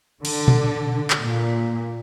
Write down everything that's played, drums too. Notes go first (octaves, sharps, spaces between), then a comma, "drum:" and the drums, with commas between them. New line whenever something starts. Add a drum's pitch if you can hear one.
D3, drum: cymbal
drum: tom A#2
drum: clap
A#2